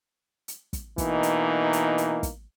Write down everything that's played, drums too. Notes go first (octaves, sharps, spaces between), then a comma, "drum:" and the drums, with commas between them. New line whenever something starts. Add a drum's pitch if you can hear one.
drum: hi-hat
drum: kick, hi-hat
B2 E3 A#3 D#4, drum: kick, hi-hat
drum: hi-hat
drum: hi-hat
drum: hi-hat
drum: kick, hi-hat